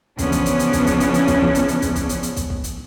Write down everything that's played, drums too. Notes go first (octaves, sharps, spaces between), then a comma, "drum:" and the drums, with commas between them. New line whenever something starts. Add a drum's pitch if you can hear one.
C#3 E3 F3 B3 C#4 D4, drum: kick, hi-hat
drum: kick, hi-hat
drum: hi-hat
drum: hi-hat
drum: kick, hi-hat
drum: kick, hi-hat
drum: hi-hat
drum: hi-hat
drum: kick, hi-hat
drum: kick
drum: hi-hat
drum: hi-hat
drum: kick, hi-hat
drum: kick, hi-hat
drum: hi-hat
drum: hi-hat
drum: kick, hi-hat
drum: kick
drum: hi-hat